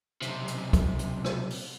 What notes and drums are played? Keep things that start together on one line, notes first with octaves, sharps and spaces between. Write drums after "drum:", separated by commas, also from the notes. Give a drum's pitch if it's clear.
B1 C3, drum: hi-hat
drum: hi-hat
drum: kick, hi-hat
drum: hi-hat
drum: rim click
drum: open hi-hat